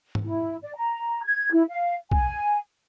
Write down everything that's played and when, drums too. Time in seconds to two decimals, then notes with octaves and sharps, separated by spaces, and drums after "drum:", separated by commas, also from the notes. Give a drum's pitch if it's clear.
0.15 drum: tom G#2
0.24 E4
0.63 D5
0.76 A#5
1.25 G#6
1.52 E4
1.69 F5
2.12 G#5, drum: kick B1